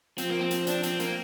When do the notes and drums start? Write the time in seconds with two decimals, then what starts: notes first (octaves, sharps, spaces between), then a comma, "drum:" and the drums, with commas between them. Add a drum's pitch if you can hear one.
0.18 F3 C4, drum: hi-hat
0.30 A#3
0.41 C4
0.51 drum: hi-hat
0.67 D4, drum: hi-hat
0.83 C4, drum: hi-hat
1.00 A#3, drum: hi-hat